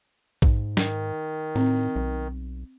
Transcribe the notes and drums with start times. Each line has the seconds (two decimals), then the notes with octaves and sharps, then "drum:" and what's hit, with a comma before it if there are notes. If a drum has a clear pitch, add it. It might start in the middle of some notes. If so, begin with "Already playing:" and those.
0.42 G#2, drum: kick
0.77 D#3, drum: snare
1.55 A2 C4
1.96 B1